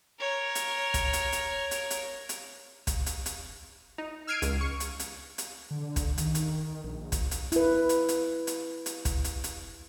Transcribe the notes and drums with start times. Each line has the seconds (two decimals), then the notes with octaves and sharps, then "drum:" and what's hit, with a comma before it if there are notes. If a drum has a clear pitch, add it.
0.20 A#4 C#5
0.55 drum: hi-hat
0.94 drum: kick, hi-hat
1.13 drum: hi-hat
1.33 drum: hi-hat
1.71 drum: hi-hat
1.90 drum: hi-hat
2.29 drum: hi-hat
2.87 drum: kick, hi-hat
3.06 drum: hi-hat
3.26 drum: hi-hat
3.98 D#4
4.27 E6 F6 G#6 C7 D7 D#7
4.42 C#2, drum: hi-hat
4.61 C#6
4.80 drum: hi-hat
4.99 drum: hi-hat
5.38 drum: hi-hat
5.71 D3
5.96 drum: kick, hi-hat
6.18 D#3, drum: hi-hat
6.35 drum: hi-hat
6.84 A#1
7.12 drum: kick, hi-hat
7.31 drum: hi-hat
7.52 E4 B4, drum: hi-hat
7.89 drum: hi-hat
8.09 drum: hi-hat
8.47 drum: hi-hat
8.86 drum: hi-hat
9.05 drum: kick, hi-hat
9.24 drum: hi-hat
9.44 drum: hi-hat